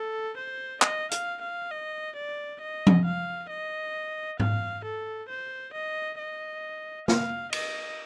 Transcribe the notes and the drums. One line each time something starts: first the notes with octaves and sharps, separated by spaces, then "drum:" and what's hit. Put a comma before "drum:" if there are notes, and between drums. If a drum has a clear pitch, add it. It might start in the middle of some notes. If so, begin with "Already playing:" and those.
Already playing: A4
C5
D#5, drum: clap
F5, drum: hi-hat
F5
D#5
D5
D#5
drum: tom F3
F5
D#5
F5, drum: tom G#2
A4
C5
D#5
D#5
F5, drum: snare
D#5, drum: cymbal